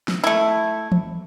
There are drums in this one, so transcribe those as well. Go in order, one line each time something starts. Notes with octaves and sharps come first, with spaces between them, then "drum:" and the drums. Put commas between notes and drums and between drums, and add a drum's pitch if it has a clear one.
drum: snare
A3 E4
drum: tom E3